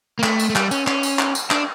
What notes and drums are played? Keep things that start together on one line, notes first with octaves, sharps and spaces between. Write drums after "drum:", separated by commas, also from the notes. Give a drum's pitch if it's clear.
A#3
A3, drum: clap
drum: tambourine
A3
G3, drum: clap
C#4, drum: tambourine
C#4, drum: clap
drum: tambourine
drum: clap
drum: tambourine
D4, drum: clap